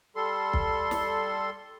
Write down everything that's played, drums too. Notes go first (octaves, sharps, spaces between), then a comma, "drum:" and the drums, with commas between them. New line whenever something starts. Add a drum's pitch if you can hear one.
G3 A4 C6
drum: kick
drum: snare